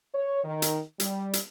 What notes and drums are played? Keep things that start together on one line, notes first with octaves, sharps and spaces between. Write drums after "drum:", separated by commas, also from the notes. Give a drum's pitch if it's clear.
C#5
D#3
drum: hi-hat
G3, drum: hi-hat
drum: hi-hat